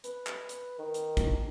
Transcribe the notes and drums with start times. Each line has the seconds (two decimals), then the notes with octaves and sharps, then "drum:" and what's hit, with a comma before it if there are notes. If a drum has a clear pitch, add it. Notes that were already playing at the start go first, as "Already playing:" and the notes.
0.04 B4, drum: hi-hat
0.27 drum: clap
0.49 drum: hi-hat
0.79 D#3
0.94 drum: hi-hat
1.17 drum: kick G#1, hi-hat